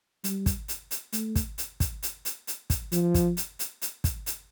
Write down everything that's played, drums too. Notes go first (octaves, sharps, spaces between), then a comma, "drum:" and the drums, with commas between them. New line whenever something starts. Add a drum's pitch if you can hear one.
G3, drum: hi-hat
drum: kick, hi-hat
drum: hi-hat
drum: hi-hat
A3, drum: hi-hat
drum: kick, hi-hat
drum: hi-hat
drum: kick, hi-hat
drum: hi-hat
drum: hi-hat
drum: hi-hat
drum: kick, hi-hat
F3, drum: hi-hat
drum: kick, hi-hat
drum: hi-hat
drum: hi-hat
drum: hi-hat
drum: kick, hi-hat
drum: hi-hat